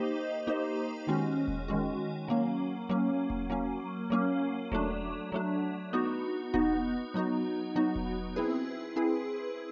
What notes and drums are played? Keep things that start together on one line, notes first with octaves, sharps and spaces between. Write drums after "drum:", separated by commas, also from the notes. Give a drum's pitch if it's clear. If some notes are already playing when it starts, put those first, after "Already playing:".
Already playing: A#3 D#4 G4 C5 D#5
A#3 D#4 G4 C5 D#5
D#3 G#3 C#4 F#4
drum: kick E1
D#3 G#3 C#4 F#4
F#3 A#3 C#4
F#3 A#3 C#4
drum: kick E1
F#3 A#3 C#4
F#3 A#3 C#4
F#3 A3 D4, drum: kick E1
F#3 A3 D4
B3 D#4 F#4
B3 D#4 F#4, drum: kick E1
F#3 B3 D#4 F#4
F#3 B3 D#4 F#4
drum: kick E1
C4 E4 G#4 B4
C4 E4 G#4 B4